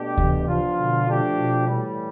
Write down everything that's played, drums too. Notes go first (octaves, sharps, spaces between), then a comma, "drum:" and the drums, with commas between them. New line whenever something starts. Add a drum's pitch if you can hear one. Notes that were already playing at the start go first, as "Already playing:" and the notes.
Already playing: B2 A3 D4 G4
C3 E3, drum: kick D2
F3 B3 D4 F4
B2 D3
F3 A3 D4 G4
B2
A2 E3 G3